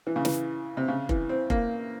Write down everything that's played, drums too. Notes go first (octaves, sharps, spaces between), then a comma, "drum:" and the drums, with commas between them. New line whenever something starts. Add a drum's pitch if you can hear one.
E3
C#3
E3, drum: snare
C3
C#3
E3, drum: kick F1
C4
A#3, drum: kick F1